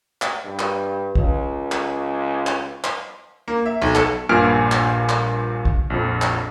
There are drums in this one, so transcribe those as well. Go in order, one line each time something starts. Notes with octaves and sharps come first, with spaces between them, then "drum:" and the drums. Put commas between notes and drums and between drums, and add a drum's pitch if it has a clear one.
drum: clap
G2
drum: clap
C#2, drum: kick
drum: clap
drum: clap
drum: clap
A#3
E5
B1
A4, drum: clap
A#1 G2 A#2 G#5 F6 D7
drum: clap
drum: clap
drum: kick
A#1 F2
drum: clap